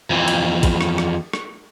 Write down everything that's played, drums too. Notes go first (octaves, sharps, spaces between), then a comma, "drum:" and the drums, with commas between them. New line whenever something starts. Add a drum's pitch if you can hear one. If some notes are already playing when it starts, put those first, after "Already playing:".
F2 E3
drum: cymbal
drum: kick, cymbal
drum: rim click
drum: rim click
drum: rim click